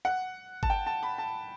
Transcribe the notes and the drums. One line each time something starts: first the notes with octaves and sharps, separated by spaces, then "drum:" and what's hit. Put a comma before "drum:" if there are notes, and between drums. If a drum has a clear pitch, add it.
F#5
A5, drum: kick G1
G5
A5
B5
A5